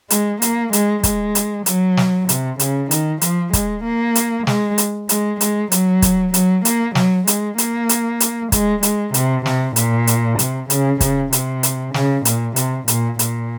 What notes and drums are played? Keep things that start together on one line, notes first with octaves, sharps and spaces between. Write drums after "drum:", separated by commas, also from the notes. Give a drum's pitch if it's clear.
G#3, drum: hi-hat
A#3, drum: hi-hat
G#3, drum: hi-hat
G#3, drum: kick, hi-hat
drum: hi-hat
F#3, drum: hi-hat
drum: snare
C3, drum: hi-hat
C#3, drum: hi-hat
D#3, drum: hi-hat
F3, drum: hi-hat
G#3, drum: kick, hi-hat
A#3
drum: hi-hat
G#3, drum: snare
drum: hi-hat
G#3, drum: hi-hat
G#3, drum: hi-hat
F#3, drum: hi-hat
drum: kick, hi-hat
F#3, drum: hi-hat
A#3, drum: hi-hat
F#3, drum: snare
G#3, drum: hi-hat
A#3, drum: hi-hat
drum: hi-hat
drum: hi-hat
G#3, drum: kick, hi-hat
G#3, drum: hi-hat
C3, drum: hi-hat
C3, drum: snare
A#2, drum: hi-hat
drum: hi-hat
C3, drum: hi-hat
C#3, drum: hi-hat
C#3, drum: kick, hi-hat
C3, drum: hi-hat
drum: hi-hat
C#3, drum: snare
A#2, drum: hi-hat
C3, drum: hi-hat
A#2, drum: hi-hat
A#2, drum: hi-hat